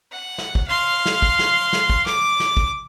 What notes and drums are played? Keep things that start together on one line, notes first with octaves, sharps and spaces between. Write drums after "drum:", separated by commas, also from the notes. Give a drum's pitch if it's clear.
F#5
drum: snare
drum: kick
F5 C6
drum: snare
drum: kick
drum: snare
drum: snare
drum: kick
D6, drum: snare
drum: snare
drum: kick